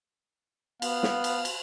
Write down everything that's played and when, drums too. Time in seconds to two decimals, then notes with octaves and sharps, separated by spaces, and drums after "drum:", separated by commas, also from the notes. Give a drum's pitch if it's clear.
0.82 B3 F5, drum: cymbal
1.03 drum: snare
1.24 drum: cymbal
1.45 drum: cymbal